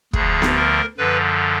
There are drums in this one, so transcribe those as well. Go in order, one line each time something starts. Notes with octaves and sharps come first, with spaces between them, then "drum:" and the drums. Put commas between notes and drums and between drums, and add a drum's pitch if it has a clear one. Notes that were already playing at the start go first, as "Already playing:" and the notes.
D2 D3 F3 G#4, drum: kick
drum: snare B3
A#4
F#2 D3 F3 B4